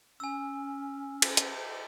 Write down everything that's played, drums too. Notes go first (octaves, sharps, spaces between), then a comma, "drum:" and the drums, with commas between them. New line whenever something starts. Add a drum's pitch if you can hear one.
C#4 G#5 E6
drum: cymbal
drum: hi-hat